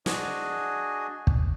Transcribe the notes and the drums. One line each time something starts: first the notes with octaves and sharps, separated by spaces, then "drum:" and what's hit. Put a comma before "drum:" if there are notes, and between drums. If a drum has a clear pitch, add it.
D4 F#4 G#4 D#5 G#5, drum: snare
drum: kick